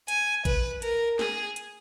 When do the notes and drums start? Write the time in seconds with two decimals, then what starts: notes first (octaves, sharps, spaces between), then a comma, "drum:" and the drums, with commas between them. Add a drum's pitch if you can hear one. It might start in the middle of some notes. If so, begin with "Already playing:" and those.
0.08 G#5, drum: hi-hat
0.45 B4, drum: kick A1, hi-hat
0.82 A#4, drum: hi-hat
1.19 G#4, drum: snare
1.56 drum: hi-hat